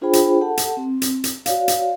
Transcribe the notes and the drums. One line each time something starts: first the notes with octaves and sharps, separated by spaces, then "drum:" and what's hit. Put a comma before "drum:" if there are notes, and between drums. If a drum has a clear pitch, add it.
D4 F4 G#4 C5 G5 B5
drum: hi-hat
G4 A4 F#5 A5
drum: hi-hat
C4
drum: hi-hat
drum: hi-hat
F#4 C#5 D5 F5, drum: hi-hat
drum: hi-hat